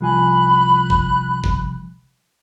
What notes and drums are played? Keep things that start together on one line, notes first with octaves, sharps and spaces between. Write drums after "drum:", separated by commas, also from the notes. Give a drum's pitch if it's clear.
C2 F3 G#5 B5 F#6
drum: kick
drum: kick